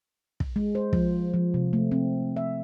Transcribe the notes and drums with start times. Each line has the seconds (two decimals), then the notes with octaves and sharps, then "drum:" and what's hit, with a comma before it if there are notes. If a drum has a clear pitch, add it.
0.40 drum: kick
0.56 G#3
0.75 C5
0.93 F3, drum: kick
1.34 F3
1.54 C3
1.73 A3
1.92 C4
2.37 E5